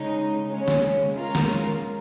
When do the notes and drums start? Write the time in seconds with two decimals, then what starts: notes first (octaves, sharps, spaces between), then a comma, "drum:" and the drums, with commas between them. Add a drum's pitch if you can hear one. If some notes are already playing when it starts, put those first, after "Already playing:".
Already playing: C#3 G#3 D#4
0.45 C#3 G#3 C#4
0.68 drum: snare
1.13 G#3 C#4 F4 A#4
1.35 drum: snare